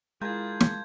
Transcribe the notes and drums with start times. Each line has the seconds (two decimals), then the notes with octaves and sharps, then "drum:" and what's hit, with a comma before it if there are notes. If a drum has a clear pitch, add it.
0.22 G#3 E4 F4 G#4 A#4 A5 G6 G#6
0.60 drum: snare